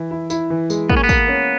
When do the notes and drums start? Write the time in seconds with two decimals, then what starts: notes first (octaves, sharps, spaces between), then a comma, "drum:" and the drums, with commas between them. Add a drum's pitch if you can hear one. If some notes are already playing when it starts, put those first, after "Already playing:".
Already playing: E3 E4
0.11 E4
0.30 E4, drum: tambourine
0.50 E3
0.70 G#3, drum: tambourine
0.90 A#3 B3, drum: kick
0.97 C#4
1.04 B3
1.09 A#3, drum: kick, tambourine
1.28 C#4